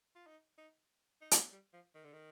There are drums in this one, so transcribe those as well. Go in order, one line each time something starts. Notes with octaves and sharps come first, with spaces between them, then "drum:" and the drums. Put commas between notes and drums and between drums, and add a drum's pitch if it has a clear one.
F4
D#4
D#4
D#4
drum: hi-hat
G3
F3
D#3
D3
D#3